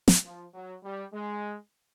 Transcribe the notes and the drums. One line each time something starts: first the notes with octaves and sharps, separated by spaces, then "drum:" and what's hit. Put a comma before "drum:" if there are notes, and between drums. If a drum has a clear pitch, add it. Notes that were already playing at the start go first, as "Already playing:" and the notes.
drum: snare
F3
F#3
G3
G#3